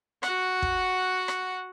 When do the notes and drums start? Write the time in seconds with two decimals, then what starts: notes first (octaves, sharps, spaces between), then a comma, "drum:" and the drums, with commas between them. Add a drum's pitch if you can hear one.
0.23 F#4 F#5, drum: rim click
0.62 drum: kick
1.28 drum: rim click